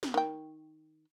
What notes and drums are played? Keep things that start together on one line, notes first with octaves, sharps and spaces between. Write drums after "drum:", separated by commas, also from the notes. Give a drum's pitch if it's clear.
drum: snare
D#3 G5